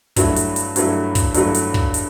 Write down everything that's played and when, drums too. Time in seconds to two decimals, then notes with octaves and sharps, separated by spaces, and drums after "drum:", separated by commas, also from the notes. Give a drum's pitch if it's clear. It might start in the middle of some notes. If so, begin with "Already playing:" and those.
0.16 G2 F#3 A3 E4, drum: kick, hi-hat
0.36 drum: hi-hat
0.56 drum: hi-hat
0.76 G2 F#3 A3 E4, drum: hi-hat
1.15 drum: kick, hi-hat
1.34 G2 F#3 A3 E4, drum: hi-hat
1.55 drum: hi-hat
1.74 drum: kick
1.94 drum: hi-hat